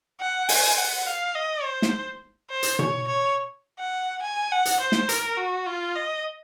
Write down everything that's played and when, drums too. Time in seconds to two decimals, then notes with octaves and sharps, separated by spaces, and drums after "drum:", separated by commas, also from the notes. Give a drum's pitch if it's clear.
0.20 F#5
0.49 G#5, drum: open hi-hat
0.78 F#5
1.06 F5
1.35 D#5
1.64 C5
1.82 drum: snare
2.50 C5
2.63 drum: hi-hat
2.79 C#5, drum: tom B2
3.08 C#5
3.79 F#5
4.22 G#5
4.51 F#5
4.65 drum: hi-hat
4.80 C5
4.92 drum: snare
5.09 A#4, drum: hi-hat
5.37 F#4
5.66 F4
5.95 D#5